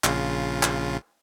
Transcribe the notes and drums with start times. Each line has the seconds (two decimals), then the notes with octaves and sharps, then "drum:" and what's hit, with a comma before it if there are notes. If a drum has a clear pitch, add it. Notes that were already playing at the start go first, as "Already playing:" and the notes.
0.04 A#1 C#3 F4, drum: clap
0.63 drum: clap